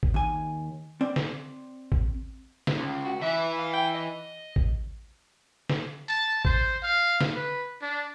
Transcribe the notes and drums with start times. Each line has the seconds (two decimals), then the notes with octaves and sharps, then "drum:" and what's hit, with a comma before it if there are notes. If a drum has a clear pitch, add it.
0.03 drum: kick A1
0.14 D#2 G#5
1.01 C4 D5
1.16 drum: snare
1.92 drum: kick A1
2.67 drum: snare
2.77 C#2
3.05 F#4
3.22 E3 B4 E5
3.59 F5
3.73 G5
3.95 D#5
4.56 drum: kick A1
5.69 drum: snare
6.09 A5
6.45 C5, drum: kick A1
6.83 F5
7.21 drum: snare
7.35 B4
7.82 D4